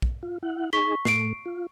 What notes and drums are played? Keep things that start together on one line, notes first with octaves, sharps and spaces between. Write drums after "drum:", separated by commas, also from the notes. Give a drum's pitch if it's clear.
drum: kick
F4
E4 F#5
D#4 G#4 C#6 B6 G7
A2 A3 C7 D7, drum: snare
F4